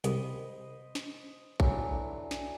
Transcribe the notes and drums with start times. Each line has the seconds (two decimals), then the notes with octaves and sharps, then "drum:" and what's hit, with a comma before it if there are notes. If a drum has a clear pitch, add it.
0.04 C2 B4 C5 D#5, drum: hi-hat
0.95 drum: snare
1.60 D3 E3 F#3, drum: kick A#1
2.31 drum: snare